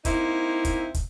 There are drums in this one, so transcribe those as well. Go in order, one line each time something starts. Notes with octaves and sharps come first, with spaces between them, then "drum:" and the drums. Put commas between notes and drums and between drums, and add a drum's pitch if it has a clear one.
A#3 C4 D#4 E4, drum: kick, hi-hat
drum: kick, hi-hat
drum: kick, hi-hat